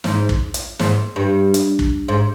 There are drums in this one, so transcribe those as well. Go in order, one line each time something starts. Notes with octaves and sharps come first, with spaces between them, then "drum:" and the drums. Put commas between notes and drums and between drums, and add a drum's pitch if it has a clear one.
G#2, drum: snare
drum: kick
drum: hi-hat
G#2, drum: snare
G2
drum: hi-hat
drum: kick
G#2